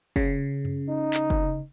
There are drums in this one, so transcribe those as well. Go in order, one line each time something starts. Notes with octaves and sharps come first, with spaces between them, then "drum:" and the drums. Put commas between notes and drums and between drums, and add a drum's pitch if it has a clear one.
C#3, drum: kick
drum: tom F#2
D#4
drum: clap
drum: kick